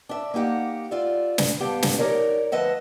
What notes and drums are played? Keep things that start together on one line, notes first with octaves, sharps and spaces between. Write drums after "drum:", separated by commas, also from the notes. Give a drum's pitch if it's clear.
D4 E5
A#3 D#4 G4 F#5
F4 D5 E5
drum: snare
G2 B3 G4 F5 F#5 A5
drum: snare
D#4 G4 A#4 C#5 D5
D2 F3 B4 D#5 E5 F#5